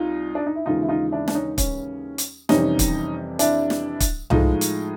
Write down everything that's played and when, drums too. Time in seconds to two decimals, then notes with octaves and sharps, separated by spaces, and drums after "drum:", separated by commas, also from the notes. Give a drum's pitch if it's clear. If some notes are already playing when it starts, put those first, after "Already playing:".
Already playing: C2 D#4 F4
0.35 D4
0.46 D#4
0.56 E4
0.66 D#2 C#3 E3 G#3 D#4 F4
0.82 E4
0.89 D#4 F4
1.11 D4 E4
1.28 D4, drum: snare
1.35 C#4 D#4
1.58 C#4, drum: kick, hi-hat
2.18 drum: hi-hat
2.49 F2 C3 E3 G3 C#4 D#4, drum: snare
2.79 drum: kick, hi-hat
3.39 D4 E4, drum: hi-hat
3.70 drum: snare
4.00 drum: kick, hi-hat
4.30 A2 F3 G#3 D#4 F4, drum: tom C2
4.61 drum: hi-hat